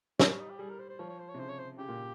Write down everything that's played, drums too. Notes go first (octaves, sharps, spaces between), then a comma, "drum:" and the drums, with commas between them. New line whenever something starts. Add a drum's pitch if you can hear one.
G3 C#4, drum: snare
C#4
D#4
G4
G3 G#4
A#4
C5
C5
F3 C#5
C#5
C5
C#5
C3
C#3 C5
C#5
C5
C#3 G4
A#2